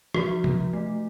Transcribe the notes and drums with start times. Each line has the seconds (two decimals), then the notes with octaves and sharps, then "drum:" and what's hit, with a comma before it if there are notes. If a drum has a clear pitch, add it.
0.14 F3 F#4, drum: rim click
0.44 F3, drum: tom
0.73 A3